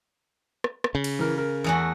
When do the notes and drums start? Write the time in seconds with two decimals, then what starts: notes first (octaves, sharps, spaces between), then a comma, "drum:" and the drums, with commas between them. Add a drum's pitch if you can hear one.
0.64 drum: rim click
0.84 drum: rim click
0.95 C#3
1.04 drum: cymbal
1.19 E3 A#4
1.38 A#4
1.64 E2 A3 F#4